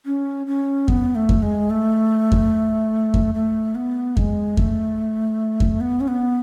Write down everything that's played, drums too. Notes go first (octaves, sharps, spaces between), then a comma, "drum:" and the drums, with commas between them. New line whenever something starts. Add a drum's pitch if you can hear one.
C#4
C#4
B3, drum: kick F2
A3
drum: kick F2
G#3
A3
drum: kick F2
drum: kick F2
A3
B3
G#3, drum: kick F2
A3, drum: kick F2
drum: kick F2
B3
C#4
B3